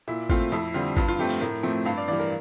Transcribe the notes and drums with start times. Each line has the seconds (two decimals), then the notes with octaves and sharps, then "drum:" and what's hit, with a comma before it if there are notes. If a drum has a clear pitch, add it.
0.08 A#2 E4
0.30 A3 C4 F4, drum: kick G#1
0.52 F2 E4
0.74 D3 G3 C4 F4
0.97 G2 F4, drum: kick G#1
1.08 F4
1.19 F3 A3 C4 G4
1.30 drum: open hi-hat
1.41 A2 A#4
1.63 F3 A3 C4
1.85 G2 F5
1.97 D5
2.08 E3 G3 D5
2.20 A#4